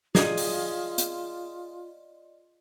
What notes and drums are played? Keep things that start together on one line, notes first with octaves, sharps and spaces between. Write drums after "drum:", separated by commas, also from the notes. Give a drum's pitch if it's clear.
F4 G#4 D5 D#5 D#6, drum: snare
drum: open hi-hat
drum: hi-hat